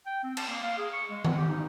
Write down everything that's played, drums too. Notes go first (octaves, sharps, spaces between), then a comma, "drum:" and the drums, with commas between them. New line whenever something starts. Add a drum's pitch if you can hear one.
G5
C4
A5, drum: cymbal
A#3
F5
G#4
C#6
G#3
F#5, drum: tom D#3
G4
D#4